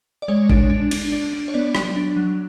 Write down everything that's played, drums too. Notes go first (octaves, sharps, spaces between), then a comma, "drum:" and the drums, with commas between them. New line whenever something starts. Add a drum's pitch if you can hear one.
D5
G#3 C#5
D4, drum: kick
D4
D4, drum: cymbal
D4
D4
C#5
B3 D5
F#3, drum: rim click
D4
F#3